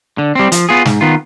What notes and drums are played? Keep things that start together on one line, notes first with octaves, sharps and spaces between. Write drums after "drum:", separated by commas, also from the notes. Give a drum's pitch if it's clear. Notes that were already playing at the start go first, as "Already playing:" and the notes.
D3
G3 C4
F3, drum: hi-hat
B3 F4 G#4
G#2, drum: snare
D#3 B3 F4